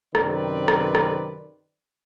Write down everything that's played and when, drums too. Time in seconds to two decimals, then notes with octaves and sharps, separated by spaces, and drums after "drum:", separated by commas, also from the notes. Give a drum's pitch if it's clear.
0.15 F#2 C3 D#3 C4 B4 D5, drum: rim click
0.68 drum: rim click
0.95 drum: rim click